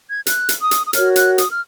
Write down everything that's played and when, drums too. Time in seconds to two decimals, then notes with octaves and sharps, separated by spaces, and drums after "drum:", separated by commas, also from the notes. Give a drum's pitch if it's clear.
0.09 G#6
0.26 F#6, drum: hi-hat
0.49 drum: hi-hat
0.60 D#6
0.71 drum: hi-hat
0.87 D#6
0.93 F#4 A#4 C#5 F6, drum: hi-hat
1.16 F#6, drum: hi-hat
1.38 D#6, drum: hi-hat
1.50 F6